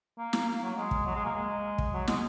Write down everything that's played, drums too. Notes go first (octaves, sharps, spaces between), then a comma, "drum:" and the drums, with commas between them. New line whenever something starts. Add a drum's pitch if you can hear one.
A#3
drum: snare
A#3
F#3
G#3
drum: kick
F#3
G#3
A#3
G#3
drum: kick
F#3
G#3, drum: snare